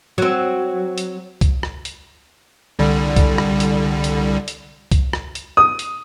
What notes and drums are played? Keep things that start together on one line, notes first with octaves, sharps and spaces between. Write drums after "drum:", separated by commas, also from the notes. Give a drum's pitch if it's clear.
F#3 C4
drum: hi-hat
drum: kick C2, hi-hat
drum: rim click
drum: hi-hat
C2 D3 G3
drum: kick C2, hi-hat
drum: rim click
drum: hi-hat
drum: hi-hat
drum: hi-hat
drum: kick C2, hi-hat
drum: rim click
drum: hi-hat
D#6
drum: hi-hat